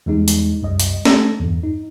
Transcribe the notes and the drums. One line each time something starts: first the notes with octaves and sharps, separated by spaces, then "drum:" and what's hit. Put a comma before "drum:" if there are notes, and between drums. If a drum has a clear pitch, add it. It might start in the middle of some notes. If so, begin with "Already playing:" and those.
E2 G3 G#3 D#4
drum: hi-hat
C2 F#2 G3 D#5
drum: hi-hat
A3 D4 A4 A#6, drum: snare
E2 G2
D#4